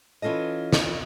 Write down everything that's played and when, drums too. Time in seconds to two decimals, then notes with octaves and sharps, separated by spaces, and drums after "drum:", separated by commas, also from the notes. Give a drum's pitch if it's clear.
0.22 E3 C#4 F4 A4 D#5
0.73 drum: snare